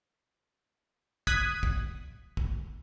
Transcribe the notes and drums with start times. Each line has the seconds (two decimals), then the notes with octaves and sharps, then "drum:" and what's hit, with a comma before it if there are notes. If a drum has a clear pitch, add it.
1.27 D#6 F#6 G#6 B6 D#7, drum: kick
1.63 drum: kick
2.37 drum: kick